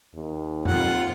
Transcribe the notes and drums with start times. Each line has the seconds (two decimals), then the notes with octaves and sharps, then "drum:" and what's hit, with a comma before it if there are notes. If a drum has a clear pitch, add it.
0.15 D#2
0.65 F2 F4 F#5, drum: tom F2